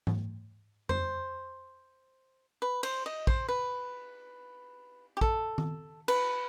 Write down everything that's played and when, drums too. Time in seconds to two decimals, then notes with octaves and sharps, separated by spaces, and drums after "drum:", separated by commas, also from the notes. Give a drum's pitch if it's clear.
0.07 drum: tom G#2
0.89 C5, drum: tom F2
2.62 B4
2.83 C5, drum: cymbal
3.06 D#5
3.27 C5, drum: kick
3.48 B4
5.17 G4
5.21 A4, drum: kick
5.58 drum: tom D#3
6.08 B4, drum: cymbal